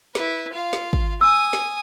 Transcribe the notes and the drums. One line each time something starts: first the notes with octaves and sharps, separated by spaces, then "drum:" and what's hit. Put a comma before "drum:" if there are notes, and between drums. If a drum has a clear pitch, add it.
E4 B4, drum: snare
F4 F5
drum: snare
drum: kick
G#5 D#6 E6
drum: snare